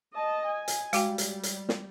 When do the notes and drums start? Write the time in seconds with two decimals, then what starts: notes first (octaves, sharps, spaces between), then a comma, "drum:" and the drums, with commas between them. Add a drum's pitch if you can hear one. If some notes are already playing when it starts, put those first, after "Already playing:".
0.16 D#5 A5
0.47 G#5
0.68 drum: hi-hat
0.93 G3 G#3 F#4 G5, drum: hi-hat
1.18 drum: hi-hat
1.43 drum: hi-hat
1.69 drum: snare